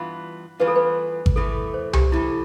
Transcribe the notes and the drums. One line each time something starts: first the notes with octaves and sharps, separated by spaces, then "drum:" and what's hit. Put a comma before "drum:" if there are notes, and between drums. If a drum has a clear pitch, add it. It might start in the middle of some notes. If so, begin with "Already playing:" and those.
Already playing: G2 E3 B3 F4
G2 E3 B3 F4 B4
A4
B4
drum: kick G#1
A2 E3 A3 A4
C5
G4, drum: tom C2
A2 E3 A3 E4